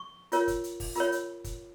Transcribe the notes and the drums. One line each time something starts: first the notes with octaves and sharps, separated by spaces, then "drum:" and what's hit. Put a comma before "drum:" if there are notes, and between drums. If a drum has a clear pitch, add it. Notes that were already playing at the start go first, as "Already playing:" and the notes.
Already playing: C#6
F4 A#4 C#5, drum: hi-hat
drum: kick, hi-hat
drum: hi-hat
drum: kick, open hi-hat
F4 A#4 C#5 B5, drum: hi-hat
drum: hi-hat
drum: kick, hi-hat